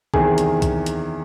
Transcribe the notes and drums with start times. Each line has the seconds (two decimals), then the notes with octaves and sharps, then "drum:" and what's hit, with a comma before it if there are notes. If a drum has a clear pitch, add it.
0.14 E2 C3 D#3 G#4, drum: kick
0.38 drum: hi-hat
0.62 drum: kick, hi-hat
0.86 drum: hi-hat